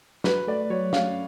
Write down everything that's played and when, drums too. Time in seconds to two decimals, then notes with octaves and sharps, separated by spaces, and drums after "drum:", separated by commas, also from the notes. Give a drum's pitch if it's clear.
0.24 F#4 B4, drum: snare
0.47 A3 D5
0.70 F#3 C#5
0.93 C#4 F5, drum: snare